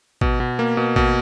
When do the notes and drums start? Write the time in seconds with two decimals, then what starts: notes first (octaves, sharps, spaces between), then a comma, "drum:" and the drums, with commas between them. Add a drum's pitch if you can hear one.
0.21 B2, drum: kick G#1
0.40 B2
0.59 A#3
0.77 B2
0.96 B2, drum: kick G#1